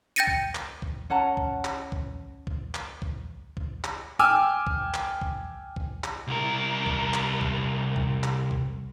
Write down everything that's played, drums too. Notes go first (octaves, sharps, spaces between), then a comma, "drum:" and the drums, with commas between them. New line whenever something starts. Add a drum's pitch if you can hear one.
G5 G6 A6 A#6 C#7 D#7
drum: kick
drum: clap
drum: kick
C#4 F#5 A5 A#5
drum: kick
drum: clap
drum: kick
drum: kick
drum: clap
drum: kick
drum: kick
drum: clap
G5 G#5 D6 E6 F6
drum: kick
drum: clap
drum: kick
drum: kick
drum: clap
C2 A#4
drum: kick
drum: clap
drum: kick
drum: kick
drum: clap
drum: kick